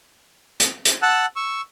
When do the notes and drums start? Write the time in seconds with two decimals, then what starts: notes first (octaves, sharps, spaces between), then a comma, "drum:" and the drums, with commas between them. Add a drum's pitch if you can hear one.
0.60 drum: hi-hat
0.85 drum: hi-hat
1.02 F#5 A5 E6 F#6
1.36 C#6 E6